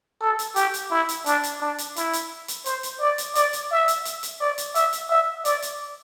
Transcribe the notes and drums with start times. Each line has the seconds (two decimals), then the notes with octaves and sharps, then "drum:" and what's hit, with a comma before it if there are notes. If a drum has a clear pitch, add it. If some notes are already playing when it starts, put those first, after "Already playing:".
0.21 A4
0.39 drum: hi-hat
0.56 G4, drum: hi-hat
0.74 drum: hi-hat
0.91 E4
1.09 drum: hi-hat
1.26 D4, drum: hi-hat
1.44 drum: hi-hat
1.61 D4
1.78 drum: hi-hat
1.96 E4, drum: hi-hat
2.13 drum: hi-hat
2.48 drum: hi-hat
2.66 C5, drum: hi-hat
2.83 drum: hi-hat
3.01 D5
3.18 drum: hi-hat
3.35 D5, drum: hi-hat
3.53 drum: hi-hat
3.71 E5
3.88 drum: hi-hat
4.05 drum: hi-hat
4.23 drum: hi-hat
4.41 D5
4.58 drum: hi-hat
4.75 E5, drum: hi-hat
4.93 drum: hi-hat
5.10 E5
5.45 D5, drum: hi-hat
5.62 drum: hi-hat